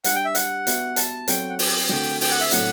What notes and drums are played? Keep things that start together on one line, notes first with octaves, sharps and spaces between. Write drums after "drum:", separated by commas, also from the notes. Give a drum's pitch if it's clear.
G3 D4 G4 F#5, drum: hi-hat
G5
E5
F#5, drum: hi-hat
B3 F#4 B4 E5, drum: hi-hat
A5, drum: hi-hat
F#3 C4 F#4 A4 G5, drum: hi-hat
F#5
G5, drum: open hi-hat
D3 A3 C4 F#4 G5, drum: snare
G5, drum: open hi-hat
F#5
E5
A2 F#3 A3 C4 E4 F#5, drum: hi-hat